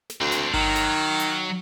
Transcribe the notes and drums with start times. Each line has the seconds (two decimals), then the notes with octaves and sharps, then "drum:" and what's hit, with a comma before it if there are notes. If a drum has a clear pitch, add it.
0.10 drum: snare
0.21 D2 C4 D4
0.32 drum: snare
0.54 D#3 F#3, drum: kick G1
0.76 drum: snare
1.20 drum: hi-hat